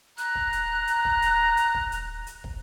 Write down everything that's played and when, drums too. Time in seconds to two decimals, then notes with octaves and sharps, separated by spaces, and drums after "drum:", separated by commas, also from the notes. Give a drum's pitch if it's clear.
0.18 A#5 F#6, drum: hi-hat
0.35 drum: kick
0.53 drum: hi-hat
0.87 drum: hi-hat
1.05 drum: kick
1.22 drum: hi-hat
1.57 drum: hi-hat
1.74 drum: kick
1.92 drum: hi-hat
2.27 drum: hi-hat
2.44 drum: kick